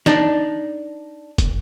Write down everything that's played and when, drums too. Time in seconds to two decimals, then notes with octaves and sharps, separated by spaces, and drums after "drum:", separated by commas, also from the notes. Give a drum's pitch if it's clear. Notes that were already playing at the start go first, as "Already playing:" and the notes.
0.06 D4 D#4, drum: snare
1.38 drum: kick, hi-hat